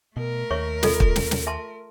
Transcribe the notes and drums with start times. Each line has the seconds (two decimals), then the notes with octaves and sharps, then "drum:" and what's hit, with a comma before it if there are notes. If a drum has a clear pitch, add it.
0.17 B2 A3 A#4
0.51 D#2 C#5 E5 C#6
0.83 F4 A4 D#5, drum: snare
1.00 drum: kick
1.16 drum: snare
1.31 drum: snare
1.47 E5 A5 C6